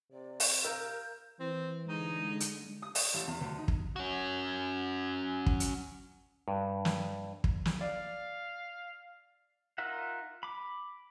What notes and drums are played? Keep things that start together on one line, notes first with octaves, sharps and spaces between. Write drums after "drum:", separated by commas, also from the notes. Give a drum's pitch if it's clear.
C3 D5
drum: open hi-hat
A#4 F5 A#5 E6 G6
E3 C4
D3 G#3 D#4
drum: hi-hat
D#6
D5, drum: open hi-hat
A1
E2
D2
D#4
drum: kick
C#4 F#4
drum: kick
drum: hi-hat
G2
drum: snare
drum: kick
drum: snare
D5 F5
D#4 F4 A#4 E5 F#5
B5 D6